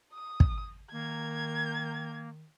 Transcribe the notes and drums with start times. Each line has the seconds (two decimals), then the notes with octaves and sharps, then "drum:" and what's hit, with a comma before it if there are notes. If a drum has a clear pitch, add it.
0.13 D#6
0.40 drum: kick
0.92 D#3 A#3 G#6